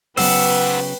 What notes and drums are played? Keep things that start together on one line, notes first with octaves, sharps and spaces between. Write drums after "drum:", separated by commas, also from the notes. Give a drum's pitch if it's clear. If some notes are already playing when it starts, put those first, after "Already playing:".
C#3 F#3 B3 B4 C5 F#5 G5 E6, drum: open hi-hat